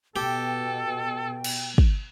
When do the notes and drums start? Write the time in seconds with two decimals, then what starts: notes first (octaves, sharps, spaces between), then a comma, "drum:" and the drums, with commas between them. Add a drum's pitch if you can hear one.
0.16 B2 G4 A4 G5
1.44 drum: cymbal
1.78 drum: kick